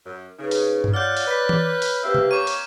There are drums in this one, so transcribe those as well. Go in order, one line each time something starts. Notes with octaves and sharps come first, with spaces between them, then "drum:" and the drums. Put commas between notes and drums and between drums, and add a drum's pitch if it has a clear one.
F#2
C#3 D#4 G#4 B4
drum: open hi-hat
drum: tom G2
F4 C#5 D5 F#5 F6 G6
drum: open hi-hat
B4 G6 B6
drum: tom E3
drum: open hi-hat
A#3 C4 G4 B4 E5
drum: tom C3
C#5 A#5 D6 D#7
drum: open hi-hat